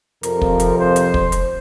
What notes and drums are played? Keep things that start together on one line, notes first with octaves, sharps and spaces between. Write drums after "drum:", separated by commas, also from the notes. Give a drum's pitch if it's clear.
F2 C3 F3 A#4, drum: hi-hat
drum: kick
drum: hi-hat
C5
drum: hi-hat
drum: kick
drum: hi-hat